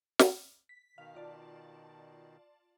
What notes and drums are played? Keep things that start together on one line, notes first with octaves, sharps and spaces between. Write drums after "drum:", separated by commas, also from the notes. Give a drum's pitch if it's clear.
drum: snare
B6
B2 D#3 F5
F4 D5 A5